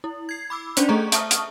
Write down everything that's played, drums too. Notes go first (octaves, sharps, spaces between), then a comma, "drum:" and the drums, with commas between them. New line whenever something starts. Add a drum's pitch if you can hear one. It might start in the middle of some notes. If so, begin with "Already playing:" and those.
E4
G#6 C7
B5 D6 E6
C#4 D4 C5 D5, drum: hi-hat
A3 G#4 A4 D#5 A#5 C#6
E5 A5 C#6 D#6 F6, drum: hi-hat
drum: hi-hat